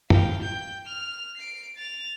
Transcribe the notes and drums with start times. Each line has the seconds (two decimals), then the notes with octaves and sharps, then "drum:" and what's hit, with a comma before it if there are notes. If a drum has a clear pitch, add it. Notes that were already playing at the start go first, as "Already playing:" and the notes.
0.10 F5 G5, drum: tom F#2
0.42 G5 G6
0.86 F6 F7
1.37 C7 D7
1.76 A6 F7